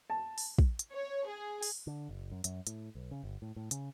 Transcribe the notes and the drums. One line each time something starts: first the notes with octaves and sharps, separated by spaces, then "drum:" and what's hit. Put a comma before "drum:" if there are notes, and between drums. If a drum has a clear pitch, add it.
A5
drum: open hi-hat
drum: kick
drum: hi-hat
C#5
G#4
drum: open hi-hat
D3
F#1
F#2
F#2, drum: hi-hat
A2, drum: hi-hat
B1
C#3
G1
A2
A2
C#3, drum: hi-hat